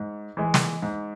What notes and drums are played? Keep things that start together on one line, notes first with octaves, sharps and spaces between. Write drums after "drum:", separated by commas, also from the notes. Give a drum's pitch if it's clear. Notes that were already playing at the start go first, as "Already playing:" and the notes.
Already playing: G#2
E3 G#3
drum: snare
G#2